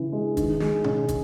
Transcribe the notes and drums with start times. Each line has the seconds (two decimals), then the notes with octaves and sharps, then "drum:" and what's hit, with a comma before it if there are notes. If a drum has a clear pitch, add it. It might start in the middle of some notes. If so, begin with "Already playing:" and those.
Already playing: C#3 E3
0.12 G#3
0.37 D#3, drum: kick, hi-hat
0.60 G#3, drum: snare
0.84 C#4, drum: tom B2
1.08 drum: kick, hi-hat